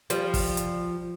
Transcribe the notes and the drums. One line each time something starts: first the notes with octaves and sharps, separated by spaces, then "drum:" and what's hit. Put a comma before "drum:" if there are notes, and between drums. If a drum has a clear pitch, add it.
F3 G3, drum: hi-hat
drum: kick, open hi-hat
drum: hi-hat